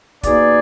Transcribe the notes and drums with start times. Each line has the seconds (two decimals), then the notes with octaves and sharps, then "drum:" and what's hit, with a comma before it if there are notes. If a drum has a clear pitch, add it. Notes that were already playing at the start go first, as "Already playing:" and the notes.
0.23 B2 A#3 D#4 G#4 D5, drum: kick, hi-hat